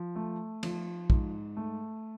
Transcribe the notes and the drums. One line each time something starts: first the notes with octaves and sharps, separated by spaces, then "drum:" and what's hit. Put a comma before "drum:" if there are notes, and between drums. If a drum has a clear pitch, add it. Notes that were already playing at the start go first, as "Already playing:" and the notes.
Already playing: F3
A3
F3, drum: cymbal
G#2, drum: kick
A3